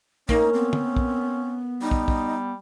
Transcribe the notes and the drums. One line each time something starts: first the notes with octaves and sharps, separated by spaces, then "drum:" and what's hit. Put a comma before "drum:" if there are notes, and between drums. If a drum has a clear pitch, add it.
A#3 C#4 D#4, drum: kick
B3 C4
drum: tom
drum: kick
G3 D#4
drum: kick
drum: kick